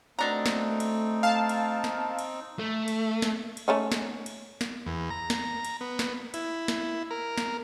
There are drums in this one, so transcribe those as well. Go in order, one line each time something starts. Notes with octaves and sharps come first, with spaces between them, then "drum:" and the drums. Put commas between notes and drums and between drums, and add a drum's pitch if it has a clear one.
B2 A3 C4 D4 D#4 A#5
drum: snare
drum: cymbal
F5 A5
drum: cymbal
drum: snare
drum: cymbal
A3
drum: cymbal
drum: snare
drum: cymbal
A3 C#4 D#4
drum: snare
drum: cymbal
drum: snare
E2
A#5
drum: snare
drum: cymbal
B3
drum: snare
E4, drum: cymbal
drum: snare
A#4
drum: snare